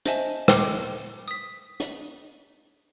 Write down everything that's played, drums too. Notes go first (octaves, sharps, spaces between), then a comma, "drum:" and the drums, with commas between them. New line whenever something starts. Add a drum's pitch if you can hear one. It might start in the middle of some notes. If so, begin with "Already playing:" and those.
C5 D#5 E5 G#5 A5, drum: hi-hat
D6, drum: rim click
D#6 B6
drum: hi-hat